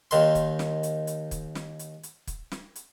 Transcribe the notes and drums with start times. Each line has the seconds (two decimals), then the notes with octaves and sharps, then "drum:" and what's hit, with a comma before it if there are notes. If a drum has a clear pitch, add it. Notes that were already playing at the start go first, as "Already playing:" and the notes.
0.11 D#2 D#3 C6, drum: hi-hat
0.35 drum: kick, hi-hat
0.59 drum: snare
0.83 drum: hi-hat
1.07 drum: hi-hat
1.31 drum: kick, hi-hat
1.55 drum: snare
1.79 drum: hi-hat
2.03 drum: hi-hat
2.27 drum: kick, hi-hat
2.51 drum: snare
2.76 drum: hi-hat